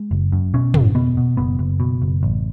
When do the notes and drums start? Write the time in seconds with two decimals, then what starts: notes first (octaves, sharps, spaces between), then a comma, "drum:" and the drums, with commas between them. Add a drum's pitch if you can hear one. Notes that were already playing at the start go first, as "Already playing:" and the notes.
Already playing: G#3
0.11 F#1
0.32 F#2
0.54 B2 C#4
0.74 F#1, drum: tom
0.95 B2 B3
1.17 B2
1.37 F#1 B3
1.59 F#1
1.80 B2
2.02 F#1
2.23 A1